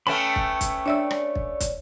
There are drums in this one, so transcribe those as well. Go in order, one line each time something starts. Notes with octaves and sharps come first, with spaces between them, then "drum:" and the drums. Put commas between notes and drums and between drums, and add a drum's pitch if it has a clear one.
A3 B3 C#4 G5 A5 B5
drum: kick
drum: kick, hi-hat
D4 C#5 D5 E5 E6
drum: rim click
drum: kick
drum: kick, hi-hat